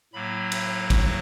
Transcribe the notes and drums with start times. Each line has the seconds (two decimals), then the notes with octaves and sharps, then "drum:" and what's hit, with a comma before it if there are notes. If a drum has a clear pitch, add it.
0.13 A2 F#3 A#3 B5
0.52 drum: cymbal
0.90 C#6, drum: kick, cymbal